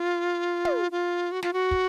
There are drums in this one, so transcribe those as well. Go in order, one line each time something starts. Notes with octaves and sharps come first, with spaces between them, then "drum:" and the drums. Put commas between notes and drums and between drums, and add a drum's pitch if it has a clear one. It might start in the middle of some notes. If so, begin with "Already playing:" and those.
Already playing: F4
drum: tom
F4
F#4
F4, drum: snare
F#4
drum: kick